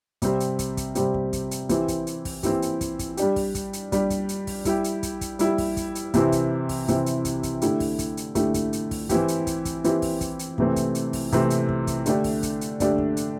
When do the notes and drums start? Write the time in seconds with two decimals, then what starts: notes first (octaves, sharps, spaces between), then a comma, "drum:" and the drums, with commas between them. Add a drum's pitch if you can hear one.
0.22 C3 G3 C4 G4, drum: kick, hi-hat
0.40 drum: hi-hat
0.59 drum: kick, hi-hat
0.77 drum: kick, hi-hat
0.95 C3 G3 C4 G4, drum: hi-hat
1.14 drum: kick
1.33 drum: kick, hi-hat
1.51 drum: hi-hat
1.69 E3 C4 E4 G4, drum: kick, hi-hat
1.88 drum: kick, hi-hat
2.07 drum: hi-hat
2.25 drum: kick, open hi-hat
2.43 E3 C4 E4 G4, drum: kick, hi-hat
2.62 drum: hi-hat
2.81 drum: kick, hi-hat
2.99 drum: kick, hi-hat
3.17 G3 D4 G4, drum: hi-hat
3.36 drum: kick, open hi-hat
3.55 drum: kick, hi-hat
3.73 drum: hi-hat
3.92 G3 D4 G4, drum: kick, hi-hat
4.10 drum: kick, hi-hat
4.29 drum: hi-hat
4.47 drum: kick, open hi-hat
4.65 G3 E4 G4, drum: kick, hi-hat
4.84 drum: hi-hat
5.03 drum: kick, hi-hat
5.21 drum: kick, hi-hat
5.39 G3 E4 G4, drum: hi-hat
5.58 drum: kick, open hi-hat
5.77 drum: kick, hi-hat
5.95 drum: hi-hat
6.14 C3 E3 C4 E4 G4, drum: kick, hi-hat
6.32 drum: kick, hi-hat
6.69 drum: kick, open hi-hat
6.88 C3 E3 C4 E4 G4, drum: kick, hi-hat
7.06 drum: hi-hat
7.25 drum: kick, hi-hat
7.43 drum: kick, hi-hat
7.62 D3 A3 E4 G4, drum: hi-hat
7.80 drum: kick, open hi-hat
7.99 drum: kick, hi-hat
8.17 drum: hi-hat
8.35 D3 A3 E4 G4, drum: kick, hi-hat
8.54 drum: kick, hi-hat
8.73 drum: hi-hat
8.91 drum: kick, open hi-hat
9.09 E3 C4 E4 G4, drum: kick, hi-hat
9.28 drum: hi-hat
9.47 drum: kick, hi-hat
9.65 drum: kick, hi-hat
9.84 E3 C4 E4 G4, drum: hi-hat
10.02 drum: kick, open hi-hat
10.21 drum: kick, hi-hat
10.39 drum: hi-hat
10.58 C3 E3 A3 C4, drum: kick
10.76 drum: kick, hi-hat
10.95 drum: hi-hat
11.13 drum: kick, open hi-hat
11.32 C3 E3 A3 C4, drum: kick, hi-hat
11.50 drum: hi-hat
11.69 drum: kick
11.87 drum: kick, hi-hat
12.06 D3 A3 D4 G4, drum: hi-hat
12.24 drum: kick, open hi-hat
12.43 drum: kick, hi-hat
12.61 drum: hi-hat
12.80 D3 A3 D4 G4, drum: kick, hi-hat
12.98 drum: kick
13.17 drum: hi-hat